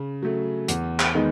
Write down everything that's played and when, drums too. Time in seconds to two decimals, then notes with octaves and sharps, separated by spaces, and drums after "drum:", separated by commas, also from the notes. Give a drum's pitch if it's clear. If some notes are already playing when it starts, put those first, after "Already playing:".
Already playing: C#3
0.23 F#3 A3
0.68 E2, drum: hi-hat
1.00 drum: clap
1.15 D#3 G#3 B3 D#4